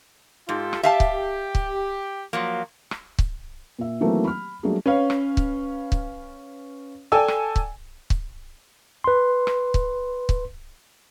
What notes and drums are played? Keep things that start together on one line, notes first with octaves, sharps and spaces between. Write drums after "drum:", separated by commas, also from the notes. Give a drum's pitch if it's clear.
G#2 F4 G4 A4
drum: rim click
G4 E5 F5 A5
drum: kick C#1
drum: kick C#1
F3 F#3 A#3
drum: rim click
drum: kick C#1
A#2 E5
D#3 E3 F#3 A3 A#3 C4
B5 F6
F#3 G3 A3 A#3 D4 G#4
C#4 B4 C#5 F5
drum: rim click
drum: kick C#1
drum: kick C#1
A4 D5 G5 G#5 E6
drum: rim click
drum: kick C#1
drum: kick C#1
B4 C6
drum: rim click
drum: kick C#1
drum: kick C#1